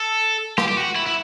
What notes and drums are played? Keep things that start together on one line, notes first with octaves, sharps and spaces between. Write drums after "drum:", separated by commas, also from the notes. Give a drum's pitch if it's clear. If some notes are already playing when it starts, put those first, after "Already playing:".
Already playing: A4
G4, drum: rim click
G4
F#4
E4
E4